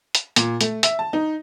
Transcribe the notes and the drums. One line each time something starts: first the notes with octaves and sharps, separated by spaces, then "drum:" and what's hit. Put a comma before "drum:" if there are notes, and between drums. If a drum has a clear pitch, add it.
drum: hi-hat
A#2, drum: hi-hat
A3, drum: hi-hat
E5, drum: hi-hat
A5
D#4